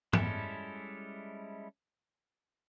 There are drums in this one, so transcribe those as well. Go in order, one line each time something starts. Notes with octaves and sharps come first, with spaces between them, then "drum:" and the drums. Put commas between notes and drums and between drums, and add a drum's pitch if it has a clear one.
G3 G#3 C#4 E4 A4, drum: tom G#2